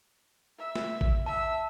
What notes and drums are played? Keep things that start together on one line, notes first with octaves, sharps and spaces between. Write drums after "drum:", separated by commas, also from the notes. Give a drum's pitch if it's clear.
E5
drum: snare
drum: kick A1
E5 A5